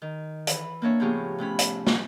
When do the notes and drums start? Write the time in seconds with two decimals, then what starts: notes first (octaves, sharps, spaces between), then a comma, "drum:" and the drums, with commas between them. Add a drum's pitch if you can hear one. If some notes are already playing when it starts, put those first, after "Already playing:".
0.02 D#3
0.47 E3 B4, drum: hi-hat
0.82 A#3 C4 D4 C#5 E5
1.00 A2 C#3 F3 B3 G4 G#4
1.38 C3 A3 C#4 B5
1.59 drum: hi-hat
1.87 drum: snare